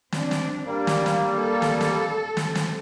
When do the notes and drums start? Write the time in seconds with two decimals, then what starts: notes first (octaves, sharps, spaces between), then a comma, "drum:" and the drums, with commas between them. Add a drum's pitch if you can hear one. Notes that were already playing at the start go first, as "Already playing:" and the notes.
0.12 C4 D4, drum: snare
0.31 drum: snare
0.66 G3 A#3 D4
0.87 drum: snare
1.06 drum: snare
1.36 A4
1.62 drum: snare
1.81 drum: snare
2.37 drum: snare
2.55 drum: snare